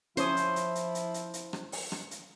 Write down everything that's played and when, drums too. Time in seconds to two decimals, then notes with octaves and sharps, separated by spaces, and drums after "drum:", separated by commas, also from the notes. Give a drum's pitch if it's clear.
0.17 F3 C#4 E4 C5 C#5 D#6, drum: hi-hat
0.37 drum: hi-hat
0.56 drum: hi-hat
0.75 drum: hi-hat
0.95 drum: hi-hat
1.14 drum: hi-hat
1.34 drum: hi-hat
1.53 drum: rim click
1.72 drum: open hi-hat
1.92 drum: rim click
2.11 drum: hi-hat